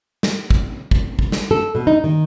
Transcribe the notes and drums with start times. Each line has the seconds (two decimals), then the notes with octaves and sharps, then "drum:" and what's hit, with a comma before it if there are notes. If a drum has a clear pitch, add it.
0.23 drum: snare
0.50 drum: kick
0.91 drum: kick
1.19 drum: kick
1.32 drum: snare
1.51 A4
1.75 B2
1.87 D#4
2.04 D#3